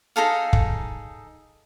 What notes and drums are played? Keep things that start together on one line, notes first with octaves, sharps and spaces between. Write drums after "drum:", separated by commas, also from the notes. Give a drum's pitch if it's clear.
D#4 G#4 A4 F5
drum: kick